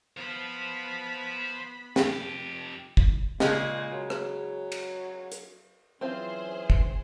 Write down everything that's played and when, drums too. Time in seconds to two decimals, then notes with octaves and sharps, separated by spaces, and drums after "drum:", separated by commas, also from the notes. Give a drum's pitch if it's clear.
0.17 B3 C5 F5 B5
1.96 F2 G4, drum: snare
2.97 drum: kick
3.40 A#2 C#3 G#3, drum: snare
3.92 F#3
4.10 drum: rim click
4.72 drum: cymbal
5.32 drum: hi-hat
6.01 E3 F#3 C4 C#4 F4 G#4 C5
6.70 drum: kick